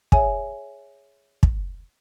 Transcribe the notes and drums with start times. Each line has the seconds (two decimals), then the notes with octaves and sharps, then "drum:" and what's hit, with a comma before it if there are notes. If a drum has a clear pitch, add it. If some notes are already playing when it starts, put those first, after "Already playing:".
0.12 G#4 C#5 E5 G#5, drum: kick
1.43 drum: kick